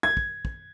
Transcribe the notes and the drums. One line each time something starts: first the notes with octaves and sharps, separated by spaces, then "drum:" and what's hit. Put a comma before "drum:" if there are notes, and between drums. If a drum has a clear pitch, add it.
G#6
drum: kick
drum: kick